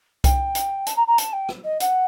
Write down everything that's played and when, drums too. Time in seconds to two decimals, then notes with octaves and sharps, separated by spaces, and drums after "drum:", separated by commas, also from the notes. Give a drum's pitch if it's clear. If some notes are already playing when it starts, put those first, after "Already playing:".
0.24 G5, drum: kick C2, hi-hat
0.55 drum: hi-hat
0.86 A5, drum: hi-hat
0.96 A#5
1.07 A#5
1.18 A5, drum: hi-hat
1.33 G5
1.49 drum: rim click
1.64 D#5
1.80 F#5, drum: hi-hat